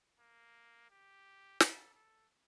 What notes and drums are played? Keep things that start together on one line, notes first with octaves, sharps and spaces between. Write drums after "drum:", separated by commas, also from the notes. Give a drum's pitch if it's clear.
A#3
G4
A4, drum: snare
A4